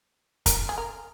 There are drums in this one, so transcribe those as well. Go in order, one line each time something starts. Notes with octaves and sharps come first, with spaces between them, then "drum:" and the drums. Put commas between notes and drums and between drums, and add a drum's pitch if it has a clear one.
A#4, drum: kick, hi-hat
G#4
A#4